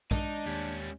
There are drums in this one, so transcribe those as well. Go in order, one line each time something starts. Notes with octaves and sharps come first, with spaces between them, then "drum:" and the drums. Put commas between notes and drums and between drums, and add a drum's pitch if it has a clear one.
G#3 D4 D#4, drum: kick A#1, hi-hat
D#2 G3 C#4 G6 G#6